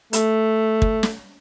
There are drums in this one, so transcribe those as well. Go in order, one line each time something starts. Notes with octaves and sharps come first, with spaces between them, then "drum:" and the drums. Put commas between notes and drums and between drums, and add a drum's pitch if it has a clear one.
A3, drum: hi-hat
drum: kick
drum: snare